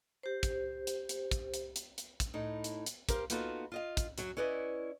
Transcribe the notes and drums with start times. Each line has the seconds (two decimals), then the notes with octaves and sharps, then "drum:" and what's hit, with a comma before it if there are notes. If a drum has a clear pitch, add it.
0.23 G4 C5
0.43 drum: kick, hi-hat
0.87 drum: hi-hat
1.09 drum: hi-hat
1.31 drum: kick, hi-hat
1.54 drum: hi-hat
1.76 drum: hi-hat
1.98 drum: hi-hat
2.20 drum: kick, hi-hat
2.34 A2 D#4
2.64 drum: hi-hat
2.86 drum: hi-hat
3.09 G4 A#4 C5 F5, drum: kick, hi-hat
3.30 A#3 B3 D#4 F4 F#4 A4, drum: hi-hat
3.72 F4 D#5 F5
3.97 drum: kick, hi-hat
4.18 F#2 F#3 C#4, drum: hi-hat
4.37 C#4 E4 B4 D5 D#5